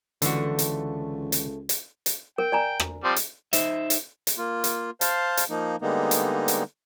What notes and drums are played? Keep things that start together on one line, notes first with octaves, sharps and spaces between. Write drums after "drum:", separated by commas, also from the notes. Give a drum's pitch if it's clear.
C#2 D3 E3 F3 A3 F#4, drum: hi-hat
drum: hi-hat
drum: hi-hat
drum: hi-hat
drum: hi-hat
A#4 G5
D5 G#5 A#5
drum: rim click
F3 G3 C4
drum: hi-hat
D#4 C5 E5, drum: hi-hat
drum: hi-hat
drum: hi-hat
A#3 F4
drum: hi-hat
C5 F5 A5, drum: hi-hat
drum: hi-hat
F3 A#3 D#4
D3 G3 G#3 A#3 B3 D#4
drum: hi-hat
drum: hi-hat